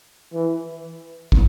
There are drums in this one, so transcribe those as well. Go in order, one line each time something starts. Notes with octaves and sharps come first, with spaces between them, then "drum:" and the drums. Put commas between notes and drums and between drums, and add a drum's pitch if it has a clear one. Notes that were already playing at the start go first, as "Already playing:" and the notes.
E3
drum: kick